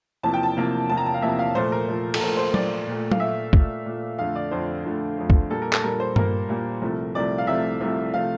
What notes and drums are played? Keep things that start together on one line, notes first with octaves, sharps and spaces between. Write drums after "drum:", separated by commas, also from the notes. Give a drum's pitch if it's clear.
E2 C3 F3 A#3 A5
G5
A5
E2 C3 F3 A#3
E2 C3 F3 A#3 A5
A#5
A5
F5
E2 C3 F3 A#3 E5
F5
A#2 F3 A3 C5
A#4
A#2 F3 A3
A4, drum: cymbal
A#2 F3 A3 A#4
C5
A#2 F3 A3 D5, drum: tom F#3
A#2 A3
F5, drum: tom F#3
A#2 A3 E5
A#2 A3, drum: kick
A#2 A3
F2 D3 A3 F5
D5
F2 D3 A3 C5
F2 D3 A3
F2 D3 A3
drum: kick
A#2 G3 A#3 A4
A#4
A4, drum: clap
A#2 G3 A#3 A#4
C5
A#2 G3 A#3 A#4, drum: tom G2
A#2 G3 A#3
C2 C3 F3 A3
C2 C3 F3 A3 D5
F5
C2 C3 F3 A3 E5
C2 C3 F3 A3
C3 F3 A3 F5